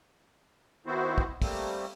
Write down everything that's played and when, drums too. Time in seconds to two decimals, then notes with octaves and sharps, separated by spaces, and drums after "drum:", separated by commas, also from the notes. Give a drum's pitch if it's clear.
0.86 D#3 B3 C4 E4 F#4 C5
1.18 drum: kick
1.42 G3 A3 A#3 C4, drum: kick, open hi-hat